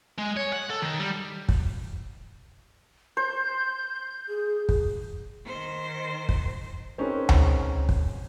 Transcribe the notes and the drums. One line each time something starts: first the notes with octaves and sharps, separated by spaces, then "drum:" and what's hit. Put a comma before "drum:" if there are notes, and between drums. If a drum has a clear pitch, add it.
G#3
C#5
F#5
A4
D#3
G3
drum: kick
C5 G6
G#4
drum: kick
D#3 C5
drum: kick
C4 C#4 D#4 G#4 A#4 B4
drum: tom C#2
drum: kick